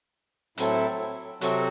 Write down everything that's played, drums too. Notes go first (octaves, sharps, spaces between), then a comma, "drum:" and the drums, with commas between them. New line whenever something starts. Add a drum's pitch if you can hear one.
A2 F#3 C4 E4 A4, drum: hi-hat
C3 F#3 C4 F#4 A4, drum: hi-hat